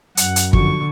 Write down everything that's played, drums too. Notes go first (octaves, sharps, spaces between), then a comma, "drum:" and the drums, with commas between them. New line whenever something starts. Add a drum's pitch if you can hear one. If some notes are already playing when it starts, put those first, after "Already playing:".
F#2 F#5, drum: hi-hat
drum: hi-hat
D3 F3 F#4 C#6, drum: kick G1